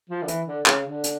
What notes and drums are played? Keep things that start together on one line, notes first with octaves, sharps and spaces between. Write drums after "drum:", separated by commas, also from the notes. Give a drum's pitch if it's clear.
F3
D3
E3, drum: hi-hat
D3
C#3, drum: clap
D3
drum: hi-hat